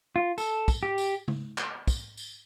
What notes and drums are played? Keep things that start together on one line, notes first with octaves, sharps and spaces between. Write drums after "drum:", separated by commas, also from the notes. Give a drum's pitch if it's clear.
F4
A4, drum: tambourine
drum: kick, tambourine
G4
drum: tambourine
drum: tom C#3
drum: clap
drum: kick, tambourine
drum: tambourine